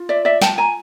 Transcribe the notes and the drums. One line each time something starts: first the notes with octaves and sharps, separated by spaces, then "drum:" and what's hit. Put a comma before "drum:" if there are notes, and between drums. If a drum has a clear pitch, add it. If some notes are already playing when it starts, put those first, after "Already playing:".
Already playing: F4
D5 E5
D5 E5
G5 A5, drum: snare
G#5 A#5